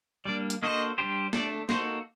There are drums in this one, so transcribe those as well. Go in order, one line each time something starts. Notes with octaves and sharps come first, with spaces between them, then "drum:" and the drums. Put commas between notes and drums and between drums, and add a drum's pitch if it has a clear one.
G3 A#3 D4 D5
drum: hi-hat
A#3 D4 F#4 A4 C5 D#5
G3 D4 G4 C5
A3 D4 A4 D5, drum: snare
A#3 D#4 F#4 A4 C5, drum: snare